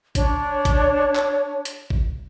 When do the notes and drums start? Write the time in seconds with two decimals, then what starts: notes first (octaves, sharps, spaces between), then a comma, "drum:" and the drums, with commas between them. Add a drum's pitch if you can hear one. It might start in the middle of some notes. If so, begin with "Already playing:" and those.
0.15 D4 C#5, drum: kick G#1, hi-hat
0.65 drum: kick G#1, hi-hat
1.15 drum: clap
1.65 drum: hi-hat
1.90 drum: kick G#1